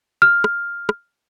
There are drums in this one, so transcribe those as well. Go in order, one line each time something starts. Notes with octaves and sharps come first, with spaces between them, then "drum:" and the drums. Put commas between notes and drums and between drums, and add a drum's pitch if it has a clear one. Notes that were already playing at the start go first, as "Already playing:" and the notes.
F6
drum: rim click
drum: rim click